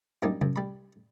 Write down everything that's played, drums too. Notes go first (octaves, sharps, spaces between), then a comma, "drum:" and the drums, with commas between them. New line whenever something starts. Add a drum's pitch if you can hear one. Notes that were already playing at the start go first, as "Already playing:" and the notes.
F#2 G3 A#3 D4 D#4
F#2, drum: tom C3
G3 B5